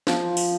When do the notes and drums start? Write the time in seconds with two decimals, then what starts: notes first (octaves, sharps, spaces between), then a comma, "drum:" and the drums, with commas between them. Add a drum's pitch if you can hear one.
0.07 F3, drum: snare
0.37 drum: open hi-hat